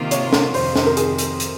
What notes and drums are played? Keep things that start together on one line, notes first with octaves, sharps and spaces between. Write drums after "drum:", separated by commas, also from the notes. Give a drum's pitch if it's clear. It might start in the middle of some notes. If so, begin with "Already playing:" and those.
Already playing: C3 D#3 A#3 F4
C#5, drum: hi-hat
drum: snare
F2 C3 D#3 C5, drum: open hi-hat
drum: snare
A#4
G#4, drum: hi-hat
drum: hi-hat
drum: hi-hat